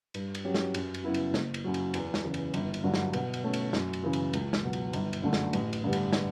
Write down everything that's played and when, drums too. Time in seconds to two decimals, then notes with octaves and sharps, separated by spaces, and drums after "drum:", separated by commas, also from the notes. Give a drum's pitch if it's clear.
0.14 G2, drum: cymbal
0.35 drum: cymbal
0.44 F#3 C#4 G4
0.54 drum: snare
0.74 F#2, drum: cymbal
0.94 drum: cymbal
1.04 C#3 F#3 B3 E4
1.14 drum: cymbal
1.34 F#1, drum: snare
1.54 drum: cymbal
1.64 F#2 C#3 F#3
1.74 drum: cymbal
1.94 E2, drum: cymbal
2.14 drum: snare
2.24 C#3 E3
2.34 drum: cymbal
2.54 G1, drum: cymbal
2.74 drum: cymbal
2.84 G2 D3 F#3
2.94 drum: snare
3.13 B2, drum: cymbal
3.34 drum: cymbal
3.44 A3 C#4
3.53 drum: cymbal
3.73 F#2, drum: snare
3.93 drum: cymbal
4.03 C#3 E3
4.13 drum: cymbal
4.33 C#2, drum: cymbal
4.53 drum: snare
4.63 B2 F#3
4.73 drum: cymbal
4.93 G1, drum: cymbal
5.13 drum: cymbal
5.23 F#2 D3 A3
5.33 drum: snare
5.53 A1, drum: cymbal
5.73 drum: cymbal
5.83 G2 D3 G3 B3
5.93 drum: cymbal
6.13 drum: snare